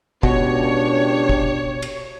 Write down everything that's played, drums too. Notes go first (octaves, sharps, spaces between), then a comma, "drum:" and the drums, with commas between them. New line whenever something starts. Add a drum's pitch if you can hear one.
C#2 B2 D4 G4 C#5, drum: kick
drum: kick
drum: cymbal